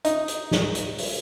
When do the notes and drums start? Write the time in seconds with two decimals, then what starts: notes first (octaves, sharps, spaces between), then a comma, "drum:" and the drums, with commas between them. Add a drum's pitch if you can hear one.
0.05 D#4, drum: hi-hat
0.28 drum: hi-hat
0.51 drum: snare
0.75 drum: hi-hat
0.98 drum: open hi-hat